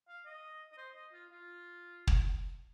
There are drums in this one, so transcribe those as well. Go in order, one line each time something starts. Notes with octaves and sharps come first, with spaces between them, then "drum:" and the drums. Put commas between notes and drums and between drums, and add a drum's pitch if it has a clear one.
F5
D#5
D#5
C5
D#5
F4
F4
drum: kick